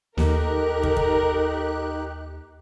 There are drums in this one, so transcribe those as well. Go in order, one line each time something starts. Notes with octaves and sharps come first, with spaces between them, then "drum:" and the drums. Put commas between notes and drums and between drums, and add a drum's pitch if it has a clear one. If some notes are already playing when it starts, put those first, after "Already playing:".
D#2 D#4 G4 A4 A#4 F#6, drum: snare
drum: kick
drum: kick